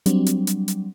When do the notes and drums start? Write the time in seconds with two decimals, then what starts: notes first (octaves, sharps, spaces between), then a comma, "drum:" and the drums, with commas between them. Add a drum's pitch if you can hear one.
0.06 F#3 G3 C4 D4, drum: hi-hat
0.26 drum: hi-hat
0.47 drum: hi-hat
0.68 drum: hi-hat